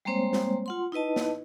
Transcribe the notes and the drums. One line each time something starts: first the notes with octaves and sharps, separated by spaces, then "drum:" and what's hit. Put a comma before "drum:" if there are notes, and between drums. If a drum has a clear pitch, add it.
G3 G#3 A#3 C4 C5 C#5
drum: snare
F4 F#5 C6
D#4 E4 B4 D#5 A5
drum: snare